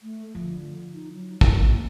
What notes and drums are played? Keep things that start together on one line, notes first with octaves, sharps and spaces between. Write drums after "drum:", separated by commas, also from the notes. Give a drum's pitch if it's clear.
A3
D3 F3
D#4
F#3
A#3, drum: kick